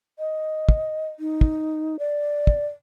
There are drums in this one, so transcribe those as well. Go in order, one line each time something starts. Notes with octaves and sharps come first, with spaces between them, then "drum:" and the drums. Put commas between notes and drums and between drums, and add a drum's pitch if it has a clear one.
D#5
drum: kick
D#4
drum: kick
D5
drum: kick